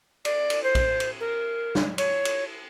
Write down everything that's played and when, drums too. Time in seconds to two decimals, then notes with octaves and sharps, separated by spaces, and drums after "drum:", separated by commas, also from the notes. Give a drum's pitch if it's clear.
0.25 D5, drum: cymbal
0.50 drum: cymbal
0.63 C5
0.75 drum: kick A#1, cymbal
1.00 drum: cymbal
1.20 A#4
1.75 drum: snare
1.98 C#5, drum: cymbal
2.25 drum: cymbal